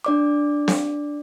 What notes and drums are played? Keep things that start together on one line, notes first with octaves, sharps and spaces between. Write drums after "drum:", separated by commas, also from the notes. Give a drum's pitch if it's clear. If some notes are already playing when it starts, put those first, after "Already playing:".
D4 D5 D6
drum: snare C4